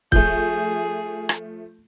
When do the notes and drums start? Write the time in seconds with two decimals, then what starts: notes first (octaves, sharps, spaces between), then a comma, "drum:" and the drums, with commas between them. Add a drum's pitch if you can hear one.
0.12 F3 A3 G#4 G6, drum: kick
1.29 drum: rim click